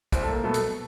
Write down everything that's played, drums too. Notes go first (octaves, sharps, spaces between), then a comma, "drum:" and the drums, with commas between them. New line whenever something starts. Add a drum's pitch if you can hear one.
C2 C4 C5, drum: kick, hi-hat
A4
A#3 A#4
B2 F#3 A3 B3 A4
drum: hi-hat